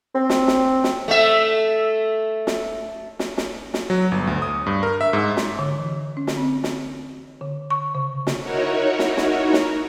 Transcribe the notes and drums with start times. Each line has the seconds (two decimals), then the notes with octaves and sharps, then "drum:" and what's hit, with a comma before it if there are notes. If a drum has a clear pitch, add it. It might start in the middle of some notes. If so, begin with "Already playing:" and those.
0.15 C4
0.30 drum: snare
0.48 drum: snare
0.84 drum: snare
1.08 A3 E5
2.47 drum: snare
3.19 drum: snare
3.38 drum: snare
3.74 drum: snare
3.90 F#3
4.12 G1
4.27 D2
4.42 D#6
4.66 G2
4.83 A#4
5.01 E5
5.13 G#2
5.37 drum: snare
5.59 D3
5.79 E3
6.17 C#4
6.27 drum: snare
6.37 C4
6.64 drum: snare
7.41 D3
7.70 C#6
7.95 C#3
8.27 drum: snare
8.43 D#4 E4 F#4 A#4 C#5
8.99 drum: snare
9.17 drum: snare
9.53 drum: snare